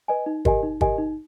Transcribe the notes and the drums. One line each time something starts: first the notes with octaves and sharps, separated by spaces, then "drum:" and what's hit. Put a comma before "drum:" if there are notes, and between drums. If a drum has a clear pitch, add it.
B4 D#5 G#5
D#4
G4 A#4 D#5 G#5, drum: kick
D#4
G4 A#4 D#5 G#5, drum: kick
D#4